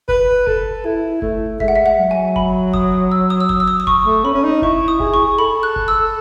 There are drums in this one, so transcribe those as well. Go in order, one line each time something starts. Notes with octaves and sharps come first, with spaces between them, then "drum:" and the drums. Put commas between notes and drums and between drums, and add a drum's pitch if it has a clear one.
B4, drum: kick F#1
A4, drum: kick F#1
E4
A3, drum: kick F#1
G#3 E5, drum: kick F#1
F#5
E5
F#5
F#3
G#5
B5, drum: kick F#1
D#6, drum: kick F#1
E6
D#6
E6
D#6, drum: kick F#1
E6
D#6
D#6
C#6, drum: kick F#1
A3
C#4 B5
C#4
D#4
E4 C#6, drum: kick F#1
D#6
G#4, drum: kick F#1
C#6
G#4
A4 B5
F#6
drum: kick F#1
E6